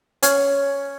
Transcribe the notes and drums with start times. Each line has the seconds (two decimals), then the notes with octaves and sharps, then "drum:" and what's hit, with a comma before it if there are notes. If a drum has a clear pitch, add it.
0.23 C#4, drum: hi-hat